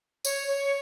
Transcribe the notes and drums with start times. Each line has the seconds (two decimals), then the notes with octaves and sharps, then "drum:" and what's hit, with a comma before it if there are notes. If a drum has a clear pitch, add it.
0.25 C#5, drum: tambourine
0.47 C#5